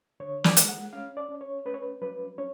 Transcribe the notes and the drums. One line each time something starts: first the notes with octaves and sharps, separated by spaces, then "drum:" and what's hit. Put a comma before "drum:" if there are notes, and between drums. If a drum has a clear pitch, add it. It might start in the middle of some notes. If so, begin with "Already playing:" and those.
D3 C#5
D5, drum: snare
G#3, drum: hi-hat
F#5
C#4 F5
D5
C#4
C#5
C#4 B4
C#5
B4
F#3 B4
C#4 C#5